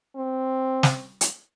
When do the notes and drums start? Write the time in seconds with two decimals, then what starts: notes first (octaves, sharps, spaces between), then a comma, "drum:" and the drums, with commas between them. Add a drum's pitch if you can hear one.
0.16 C4
0.83 drum: snare
1.21 drum: hi-hat